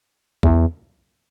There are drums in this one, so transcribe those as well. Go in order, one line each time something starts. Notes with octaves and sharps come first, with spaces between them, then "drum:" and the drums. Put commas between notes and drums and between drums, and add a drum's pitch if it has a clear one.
E2, drum: kick